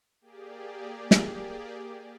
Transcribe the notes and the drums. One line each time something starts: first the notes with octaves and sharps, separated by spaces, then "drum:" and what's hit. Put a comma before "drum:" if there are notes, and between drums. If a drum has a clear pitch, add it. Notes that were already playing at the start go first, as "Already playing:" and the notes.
A#3 G4 G#4 D5
drum: snare